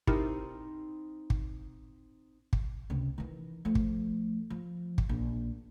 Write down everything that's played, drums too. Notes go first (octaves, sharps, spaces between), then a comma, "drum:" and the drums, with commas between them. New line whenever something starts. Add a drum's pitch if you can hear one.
C4 D#4 E4 G4 A#4, drum: kick
drum: kick
drum: kick
C#2 C3
D#3 E3
F3 A3
drum: kick
F3
drum: kick
A#1